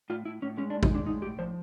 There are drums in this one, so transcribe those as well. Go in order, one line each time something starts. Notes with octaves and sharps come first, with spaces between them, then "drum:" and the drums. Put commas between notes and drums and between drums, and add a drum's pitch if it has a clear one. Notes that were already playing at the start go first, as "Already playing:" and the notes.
A2 F4
A2 E4
A2 C#4
G#3 C#4
D4
A2
D#4, drum: kick G#1
G#3 D4
A2 D#4
A2 G4
F3 C5